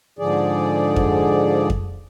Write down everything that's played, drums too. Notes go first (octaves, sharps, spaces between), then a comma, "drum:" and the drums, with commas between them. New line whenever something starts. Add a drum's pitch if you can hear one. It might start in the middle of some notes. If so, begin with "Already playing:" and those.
G#2 D3 F3 G#4 D5
drum: kick F2
drum: kick F2